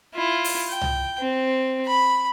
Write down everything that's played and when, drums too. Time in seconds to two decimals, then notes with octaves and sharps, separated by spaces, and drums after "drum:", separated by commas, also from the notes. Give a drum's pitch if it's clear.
0.15 E4 F4
0.44 drum: open hi-hat
0.70 G5
0.81 drum: tom
1.20 C4
1.86 B5